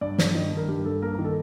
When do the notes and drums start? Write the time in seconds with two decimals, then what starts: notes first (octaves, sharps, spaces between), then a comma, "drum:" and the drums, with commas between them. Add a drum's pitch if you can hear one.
0.01 G2 D5
0.18 G2, drum: snare
0.35 D#3 D#5
0.52 G2
0.57 A#4
0.68 G2 G4
0.85 G2 A4
1.02 A#3 A#4
1.13 A#4
1.18 D#3
1.24 A4